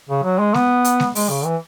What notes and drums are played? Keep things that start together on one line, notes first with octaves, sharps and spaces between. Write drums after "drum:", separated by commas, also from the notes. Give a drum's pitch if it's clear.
C#3
F#3
G#3
B3, drum: snare G#3
drum: hi-hat
drum: snare G#3
G#3, drum: open hi-hat
C#3
E3